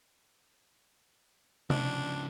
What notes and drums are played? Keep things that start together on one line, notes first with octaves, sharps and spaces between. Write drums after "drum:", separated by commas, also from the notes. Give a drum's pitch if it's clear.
C#3 F3 D4, drum: tom C3